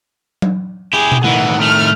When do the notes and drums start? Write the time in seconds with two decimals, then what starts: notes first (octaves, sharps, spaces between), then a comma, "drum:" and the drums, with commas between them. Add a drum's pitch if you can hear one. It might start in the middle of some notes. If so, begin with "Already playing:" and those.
0.42 drum: tom F#3
0.93 E4 G4 G#4
1.12 drum: tom B2
1.24 A2 D#3 E3 F#5
1.61 A3 F6